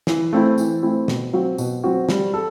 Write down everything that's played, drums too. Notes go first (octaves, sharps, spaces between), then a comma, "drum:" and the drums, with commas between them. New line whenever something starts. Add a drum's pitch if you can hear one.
E3, drum: snare
A3 C4 E4
E3, drum: tambourine
A3 C4 E4
B2, drum: snare
F#3 C4 F#4
B2, drum: tambourine
F#3 C4 F#4
G3, drum: snare
A4